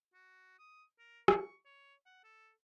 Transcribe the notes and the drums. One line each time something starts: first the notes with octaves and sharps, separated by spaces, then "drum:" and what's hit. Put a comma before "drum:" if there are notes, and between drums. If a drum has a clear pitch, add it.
F#4
D#6
A#4
C#6, drum: rim click
C#5
F#5
A4